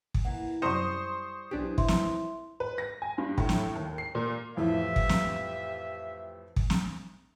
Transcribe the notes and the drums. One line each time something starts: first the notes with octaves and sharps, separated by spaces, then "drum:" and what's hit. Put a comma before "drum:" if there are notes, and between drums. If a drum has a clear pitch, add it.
drum: kick
E3 A#3 F#5
F#2 C3 G3 C5 A#5 C#6 D#6 C#7
B1 E3 D4 G4
E5 C6, drum: kick
drum: snare
B4
A#6
G#5
G2
A2, drum: kick
drum: snare
D#2
C7
A#2
F2 A2 E3 F4 G4 E5
drum: kick
drum: snare
drum: kick
drum: snare